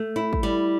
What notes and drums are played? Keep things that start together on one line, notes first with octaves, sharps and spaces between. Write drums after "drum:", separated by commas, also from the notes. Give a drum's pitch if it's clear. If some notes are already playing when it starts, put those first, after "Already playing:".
Already playing: A3
E4
drum: kick
G3